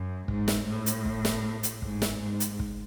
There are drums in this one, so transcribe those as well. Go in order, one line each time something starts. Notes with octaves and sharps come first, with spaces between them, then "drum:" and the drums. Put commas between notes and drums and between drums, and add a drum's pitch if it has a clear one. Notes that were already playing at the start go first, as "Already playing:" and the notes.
Already playing: F#2
G#2, drum: kick
drum: snare
A2
drum: hi-hat
drum: kick
drum: snare
drum: hi-hat
G#2, drum: kick
drum: snare
G#2
drum: hi-hat
drum: kick